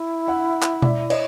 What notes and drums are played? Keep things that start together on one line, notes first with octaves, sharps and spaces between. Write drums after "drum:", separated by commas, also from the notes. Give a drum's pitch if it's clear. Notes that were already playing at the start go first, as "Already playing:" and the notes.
Already playing: E4
E5 F#5
drum: clap
D5 E5, drum: tom B2
C#5 D#5, drum: cymbal